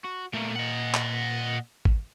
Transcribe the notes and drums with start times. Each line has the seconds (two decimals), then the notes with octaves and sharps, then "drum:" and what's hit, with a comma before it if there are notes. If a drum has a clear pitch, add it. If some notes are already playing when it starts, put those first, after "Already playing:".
0.04 F#4
0.34 A#2 A3 A#3
0.56 D#5 F#5
0.94 drum: clap
1.85 drum: kick G#1